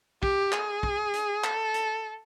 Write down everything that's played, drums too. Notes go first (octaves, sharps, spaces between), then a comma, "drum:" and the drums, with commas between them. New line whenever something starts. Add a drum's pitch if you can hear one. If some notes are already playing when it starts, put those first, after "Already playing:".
G4, drum: kick
G#4, drum: clap
drum: kick
drum: hi-hat
A4, drum: clap
drum: hi-hat